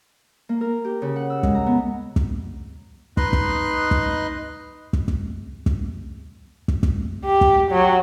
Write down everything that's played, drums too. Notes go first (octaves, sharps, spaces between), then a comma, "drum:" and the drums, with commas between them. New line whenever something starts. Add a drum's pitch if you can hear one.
A#3
A#4
G4
C#3
F#5
E6
G#3, drum: kick
A#5
B3
drum: kick
D#4 B4 D#5 C6 F#6, drum: kick
drum: kick
drum: kick
drum: kick
drum: kick
drum: kick
drum: kick
drum: kick
G4
drum: kick
F#3